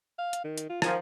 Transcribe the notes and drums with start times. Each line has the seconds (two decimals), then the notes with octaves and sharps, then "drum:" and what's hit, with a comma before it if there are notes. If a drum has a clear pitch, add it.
0.18 F5
0.33 drum: hi-hat
0.44 D#3
0.58 drum: hi-hat
0.69 F4
0.82 D#3 F3 G#5, drum: rim click